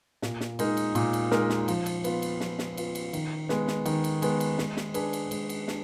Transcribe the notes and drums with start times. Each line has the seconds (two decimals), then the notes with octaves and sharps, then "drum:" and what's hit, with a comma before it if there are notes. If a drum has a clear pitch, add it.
0.22 A#2, drum: snare
0.41 drum: snare
0.59 G#3 D#4 A#4, drum: cymbal
0.77 drum: cymbal
0.95 A#2, drum: cymbal
1.13 drum: cymbal
1.31 G#3 D#4 A#4, drum: snare
1.50 drum: snare
1.68 F3, drum: cymbal
1.86 drum: cymbal
2.04 B3 F4, drum: cymbal
2.22 drum: cymbal
2.40 F3, drum: snare
2.59 drum: snare
2.77 B3 F4, drum: cymbal
2.95 drum: cymbal
3.13 D#3, drum: cymbal
3.49 G#3 B3, drum: snare
3.68 drum: snare
3.86 D#3, drum: cymbal
4.04 drum: cymbal
4.22 G#3 B3, drum: cymbal
4.40 drum: cymbal
4.58 G#3, drum: snare
4.77 drum: snare
4.94 D4 G#4 B4, drum: cymbal
5.13 drum: cymbal
5.31 G#3, drum: cymbal
5.49 drum: cymbal
5.68 D4, drum: snare